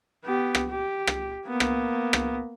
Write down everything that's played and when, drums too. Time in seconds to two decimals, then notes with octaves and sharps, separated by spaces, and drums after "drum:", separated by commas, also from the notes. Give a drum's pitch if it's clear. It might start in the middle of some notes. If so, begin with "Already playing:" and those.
0.24 B3 G4
0.55 drum: rim click
0.71 G4
1.07 drum: rim click
1.47 A#3 B3
1.60 drum: rim click
2.13 drum: rim click